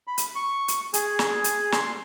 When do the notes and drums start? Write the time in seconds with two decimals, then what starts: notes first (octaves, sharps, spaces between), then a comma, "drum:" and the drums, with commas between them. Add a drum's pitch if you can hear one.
0.07 B5
0.18 drum: hi-hat
0.35 C#6
0.68 drum: hi-hat
0.94 G#4, drum: hi-hat
1.19 drum: snare
1.44 drum: hi-hat
1.72 C6, drum: snare